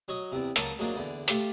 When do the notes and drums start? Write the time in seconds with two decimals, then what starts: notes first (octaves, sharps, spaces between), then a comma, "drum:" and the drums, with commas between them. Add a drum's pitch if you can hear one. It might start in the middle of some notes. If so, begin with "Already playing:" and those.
0.08 F#3 C#5 D#5
0.32 E2 C3
0.56 C#2 F#3 A#3 A5 A#5 D#6, drum: hi-hat
0.79 F#3 G#3 A#3 D4 F4
0.96 E2 D3
1.28 A3 F4 G4, drum: hi-hat